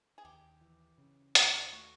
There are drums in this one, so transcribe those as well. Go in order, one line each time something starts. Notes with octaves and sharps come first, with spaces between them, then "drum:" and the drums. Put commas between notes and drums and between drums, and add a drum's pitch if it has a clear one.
G#4
D#2 G4
E3
C#3
D#2, drum: hi-hat
F4
A3 F#4